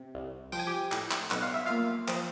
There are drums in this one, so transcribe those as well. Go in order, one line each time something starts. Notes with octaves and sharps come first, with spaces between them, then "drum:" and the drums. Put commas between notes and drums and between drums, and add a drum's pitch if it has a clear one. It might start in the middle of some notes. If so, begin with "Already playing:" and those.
Already playing: C3
C2
F3 G5, drum: tambourine
G#5
G4 G5
A2, drum: clap
drum: clap
B1 F#5, drum: clap
F5
E5
A#3 F4 F5
F3, drum: clap